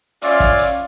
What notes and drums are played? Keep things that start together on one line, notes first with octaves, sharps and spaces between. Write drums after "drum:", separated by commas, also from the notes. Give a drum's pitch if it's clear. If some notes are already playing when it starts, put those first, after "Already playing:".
C#4 F4 D5 E5 F5, drum: hi-hat
drum: kick, hi-hat
drum: hi-hat